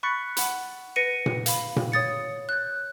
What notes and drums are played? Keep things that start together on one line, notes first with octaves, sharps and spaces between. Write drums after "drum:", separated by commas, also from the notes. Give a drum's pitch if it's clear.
B5 C#6 F#6 A6 B6 C#7
F#5 B5, drum: hi-hat
B4 A#6 C#7 D#7
drum: tom A#2
F5 B5, drum: hi-hat
drum: tom A#2
C#5 D#6 A6 C#7
F#6 G6